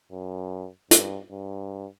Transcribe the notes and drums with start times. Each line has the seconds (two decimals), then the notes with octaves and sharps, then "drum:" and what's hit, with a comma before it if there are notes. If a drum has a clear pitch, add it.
0.12 F#2
0.91 G2, drum: hi-hat
1.31 G2